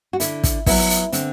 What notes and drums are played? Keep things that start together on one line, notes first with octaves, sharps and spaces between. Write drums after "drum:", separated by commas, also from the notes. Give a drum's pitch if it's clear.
F#4
D3 E4, drum: hi-hat
drum: kick, hi-hat
F#3 B3 E4, drum: kick, open hi-hat
drum: hi-hat
D3 C4, drum: hi-hat